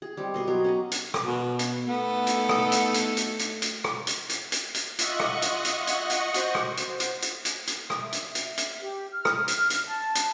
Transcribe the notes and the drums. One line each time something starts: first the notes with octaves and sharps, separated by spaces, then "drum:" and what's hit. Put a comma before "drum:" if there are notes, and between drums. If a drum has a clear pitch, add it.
G#4
G3 G#3 C4
B2 D#5 C6
B2 F#3 C#5 D#5
C#4 G#5 A#5
drum: hi-hat
drum: rim click
B2
drum: hi-hat
A3 B3 D#4 A4
drum: hi-hat
drum: rim click
drum: hi-hat
drum: hi-hat
drum: hi-hat
drum: hi-hat
drum: hi-hat
drum: rim click
drum: hi-hat
drum: hi-hat
drum: hi-hat
drum: hi-hat
F4 D#5 E5 F#5 C#6, drum: hi-hat
drum: rim click
drum: hi-hat
drum: hi-hat
drum: hi-hat
drum: hi-hat
F#4 C5, drum: hi-hat
drum: rim click
drum: hi-hat
drum: hi-hat
drum: hi-hat
drum: hi-hat
drum: hi-hat
drum: rim click
E5
drum: hi-hat
drum: hi-hat
E5
drum: hi-hat
G4
F6
drum: rim click
drum: hi-hat
drum: hi-hat
A5
drum: hi-hat